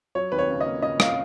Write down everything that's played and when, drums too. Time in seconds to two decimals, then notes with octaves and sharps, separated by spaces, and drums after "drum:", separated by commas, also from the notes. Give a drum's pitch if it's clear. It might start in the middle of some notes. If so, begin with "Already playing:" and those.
0.15 F#3 C#5
0.32 D#2 B4
0.39 C#5
0.50 C#3
0.61 D#5
0.66 A#3
0.82 C#3 D#5
1.00 F5, drum: rim click